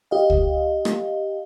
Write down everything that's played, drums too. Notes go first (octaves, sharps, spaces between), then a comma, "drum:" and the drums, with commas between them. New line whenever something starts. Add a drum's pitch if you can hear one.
G4 D#5 F5
drum: kick C#2
drum: rim click